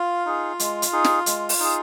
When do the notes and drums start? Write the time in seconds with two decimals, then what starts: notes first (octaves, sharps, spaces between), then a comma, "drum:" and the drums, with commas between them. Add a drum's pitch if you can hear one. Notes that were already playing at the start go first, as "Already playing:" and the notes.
Already playing: F4 F5
0.26 D#4 G#4
0.60 G#3, drum: hi-hat
0.82 drum: hi-hat
0.93 D#4 G#4
1.04 drum: snare
1.26 G#3, drum: hi-hat
1.49 drum: open hi-hat
1.60 D#4 G#4